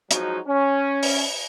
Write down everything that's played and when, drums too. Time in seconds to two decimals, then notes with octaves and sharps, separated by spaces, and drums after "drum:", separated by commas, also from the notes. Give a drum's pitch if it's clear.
0.11 F3 F#3 G#3 D#4 F#4, drum: hi-hat
0.47 C#4
1.03 drum: open hi-hat